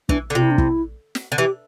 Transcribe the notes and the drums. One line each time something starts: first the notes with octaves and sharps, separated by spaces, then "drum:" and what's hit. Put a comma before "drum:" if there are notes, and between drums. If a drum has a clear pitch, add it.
E3 D4, drum: kick
D3
C3 F4
E4
D4
E4, drum: kick
drum: snare
D3
E3 G4